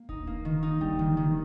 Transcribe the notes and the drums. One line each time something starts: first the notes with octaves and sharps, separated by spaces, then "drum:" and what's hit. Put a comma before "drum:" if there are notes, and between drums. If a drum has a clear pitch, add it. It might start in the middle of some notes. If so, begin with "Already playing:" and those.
Already playing: A#3
D#4, drum: kick D#1
A#3
D#3
D#4
G3, drum: kick D#1
D#3
D#3